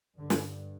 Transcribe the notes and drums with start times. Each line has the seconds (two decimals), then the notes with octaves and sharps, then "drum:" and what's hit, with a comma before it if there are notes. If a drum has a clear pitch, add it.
0.18 G2 D3
0.30 drum: snare